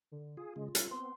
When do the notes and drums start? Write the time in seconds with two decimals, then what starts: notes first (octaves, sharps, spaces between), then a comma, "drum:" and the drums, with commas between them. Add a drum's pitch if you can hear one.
0.12 D3
0.37 F4 G#4
0.56 C#3 G#3
0.75 G3 C#4 A4, drum: hi-hat
0.91 B3 C4 C6